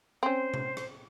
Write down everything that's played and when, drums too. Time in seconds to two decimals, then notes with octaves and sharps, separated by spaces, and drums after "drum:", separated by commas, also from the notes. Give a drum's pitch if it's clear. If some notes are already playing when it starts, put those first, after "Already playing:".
0.23 C4 C#4 C5
0.54 drum: tom C3
0.77 drum: rim click